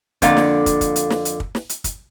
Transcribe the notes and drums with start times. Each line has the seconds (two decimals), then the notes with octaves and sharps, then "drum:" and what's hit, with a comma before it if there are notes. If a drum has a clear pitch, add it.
0.22 F2 D3 A#3 D5 F5, drum: kick, hi-hat
0.37 drum: snare
0.66 drum: kick, hi-hat
0.81 drum: kick, hi-hat
0.96 drum: hi-hat
1.10 drum: snare
1.25 drum: hi-hat
1.40 drum: kick
1.55 drum: snare
1.69 drum: hi-hat
1.84 drum: kick, hi-hat